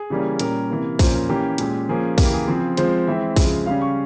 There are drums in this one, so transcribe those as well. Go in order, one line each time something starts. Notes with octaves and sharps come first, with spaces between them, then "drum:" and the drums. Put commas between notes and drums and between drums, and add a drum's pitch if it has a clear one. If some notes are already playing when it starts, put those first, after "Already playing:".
Already playing: G#4
C#3 E3 G3 A#3 C#4
A#2 G3 C#4 A#4, drum: hi-hat
C3 E3 A#3
A#2 F3 A#3 C#4 C5, drum: kick, open hi-hat
A#4
E3 A#3 C#4 G4
A#2 G#3 C#4, drum: hi-hat
F3 A#3 C#4 G#4
C#3 E3 A#3 G4, drum: kick, open hi-hat
G#4
C#3 F3 C4
F3 G#3 C4 C5, drum: hi-hat
E3 G#3 C4 E5
C#3 F3 G#3, drum: kick, open hi-hat
C#3 G3 C#4 F5
C#6